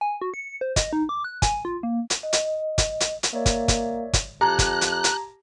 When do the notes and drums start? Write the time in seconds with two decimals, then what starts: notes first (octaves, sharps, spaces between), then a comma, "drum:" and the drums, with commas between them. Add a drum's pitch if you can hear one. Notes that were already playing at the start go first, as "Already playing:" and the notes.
0.01 G#5
0.21 F#4
0.34 C#7
0.61 C5
0.76 D#5, drum: kick, hi-hat
0.93 D#4
1.09 D6
1.24 F#6
1.42 G#5, drum: kick, hi-hat
1.65 F4
1.83 A#3
2.10 drum: hi-hat
2.23 D#5
2.33 drum: hi-hat
2.78 drum: kick, hi-hat
3.00 drum: hi-hat
3.23 drum: hi-hat
3.33 A#3 C#5 D5 E5
3.46 drum: kick, hi-hat
3.68 drum: kick, hi-hat
4.13 drum: kick, hi-hat
4.41 F2 G4 A5 A#5 F#6 G#6
4.59 drum: kick, hi-hat
4.81 drum: hi-hat
5.04 drum: hi-hat